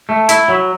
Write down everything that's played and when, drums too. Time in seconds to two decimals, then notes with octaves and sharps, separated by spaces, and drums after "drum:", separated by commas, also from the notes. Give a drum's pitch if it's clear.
0.09 A3
0.29 E4, drum: hi-hat
0.48 F#3